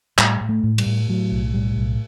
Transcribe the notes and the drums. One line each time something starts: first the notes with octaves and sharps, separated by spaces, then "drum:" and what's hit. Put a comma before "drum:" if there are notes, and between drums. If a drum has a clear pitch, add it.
A2 G3, drum: clap
A2
A3
A2
G3, drum: cymbal
A2
A2 F#3
B1
A2 G3
B1